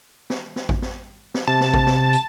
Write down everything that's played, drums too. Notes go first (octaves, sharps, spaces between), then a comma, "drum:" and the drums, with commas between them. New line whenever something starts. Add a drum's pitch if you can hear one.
drum: snare
drum: snare
drum: kick A1
drum: snare
drum: snare
C3 A5
drum: snare
drum: kick A1
drum: snare
drum: hi-hat